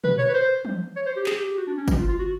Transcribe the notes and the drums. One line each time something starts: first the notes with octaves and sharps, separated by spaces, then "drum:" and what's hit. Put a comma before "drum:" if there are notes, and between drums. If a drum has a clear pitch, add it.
B4, drum: tom
C#5
B4
C5
drum: tom
C#5
C5
G4
G#4, drum: clap
G4
G4
F#4
D4
C#4
drum: kick, tambourine
F4
F4
F#4